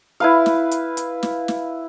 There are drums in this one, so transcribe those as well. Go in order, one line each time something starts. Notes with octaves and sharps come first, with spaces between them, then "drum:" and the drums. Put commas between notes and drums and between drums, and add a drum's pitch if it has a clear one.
E4 B4 F5
drum: snare
drum: hi-hat
drum: hi-hat
drum: snare
drum: snare